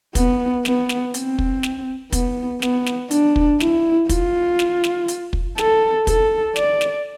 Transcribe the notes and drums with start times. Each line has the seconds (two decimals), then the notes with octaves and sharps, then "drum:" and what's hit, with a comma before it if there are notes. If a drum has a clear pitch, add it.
0.15 B3, drum: kick, hi-hat
0.65 B3, drum: snare
0.89 drum: snare
1.14 C4, drum: hi-hat
1.39 drum: kick
1.63 drum: snare
2.12 B3, drum: kick, hi-hat
2.62 B3, drum: snare
2.86 drum: snare
3.11 D4, drum: hi-hat
3.36 drum: kick
3.60 E4, drum: snare
4.09 F4, drum: kick, hi-hat
4.59 drum: snare
4.84 drum: snare
5.08 drum: hi-hat
5.33 drum: kick
5.58 A4, drum: snare
6.07 A4, drum: kick, hi-hat
6.56 D5, drum: snare
6.81 drum: snare